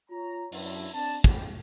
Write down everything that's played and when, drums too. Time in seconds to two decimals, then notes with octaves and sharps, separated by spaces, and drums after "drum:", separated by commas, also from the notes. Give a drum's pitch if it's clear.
0.10 F4 C#5 A#5
0.52 F#2 D4 E4, drum: open hi-hat
0.94 C4 D4 A5
1.24 A1 C#3 G3 C4, drum: kick, hi-hat